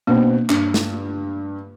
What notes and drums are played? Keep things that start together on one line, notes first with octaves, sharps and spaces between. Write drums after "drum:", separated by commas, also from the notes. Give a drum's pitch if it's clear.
B2 A#3 C4 D4
G2, drum: clap
drum: snare